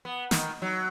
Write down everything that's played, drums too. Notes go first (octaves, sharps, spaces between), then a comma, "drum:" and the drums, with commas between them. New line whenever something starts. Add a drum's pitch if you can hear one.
B3
D#3, drum: snare
F#3